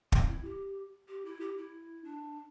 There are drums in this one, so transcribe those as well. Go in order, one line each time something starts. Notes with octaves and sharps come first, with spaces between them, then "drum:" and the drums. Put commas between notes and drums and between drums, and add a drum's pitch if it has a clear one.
C4, drum: kick
E4
G4
G4
E4
G4
E4
D4